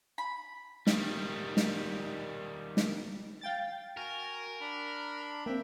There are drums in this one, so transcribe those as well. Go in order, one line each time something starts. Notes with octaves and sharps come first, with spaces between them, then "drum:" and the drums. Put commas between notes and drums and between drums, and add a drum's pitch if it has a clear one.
B5
D#3 G3, drum: snare
drum: snare
drum: snare
F5 G5 A6
F#4 A#4 G#5
D4 B5
A#3 C4 E5 G5